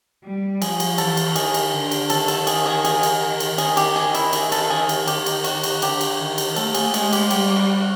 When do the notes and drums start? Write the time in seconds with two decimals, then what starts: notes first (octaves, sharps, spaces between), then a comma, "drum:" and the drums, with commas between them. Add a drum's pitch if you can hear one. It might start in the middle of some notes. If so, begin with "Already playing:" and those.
0.24 G3
0.62 F3 G#4, drum: cymbal
0.80 drum: cymbal
0.98 E3 A4, drum: cymbal
1.17 drum: cymbal
1.36 D#3 G#4, drum: cymbal
1.54 drum: cymbal
1.73 D3
1.91 drum: cymbal
2.10 D#3 A4, drum: cymbal
2.28 A4, drum: cymbal
2.47 G#4, drum: cymbal
2.66 G#4
2.85 G#4, drum: cymbal
3.03 drum: cymbal
3.40 drum: cymbal
3.58 D#3 G#4, drum: cymbal
3.77 G4, drum: cymbal
3.96 G#4
4.14 E4, drum: cymbal
4.33 G#4, drum: cymbal
4.52 A4, drum: cymbal
4.70 G#4
4.89 drum: cymbal
5.08 D#3 G4, drum: cymbal
5.26 drum: cymbal
5.44 F#4, drum: cymbal
5.63 drum: cymbal
5.82 D3 G4, drum: cymbal
6.01 drum: cymbal
6.20 D#3
6.38 drum: cymbal
6.56 A3 A4, drum: cymbal
6.74 G#4, drum: cymbal
6.94 G#3 G#4, drum: cymbal
7.13 G4, drum: cymbal
7.30 G3 G4, drum: cymbal
7.56 F#4
7.81 F#4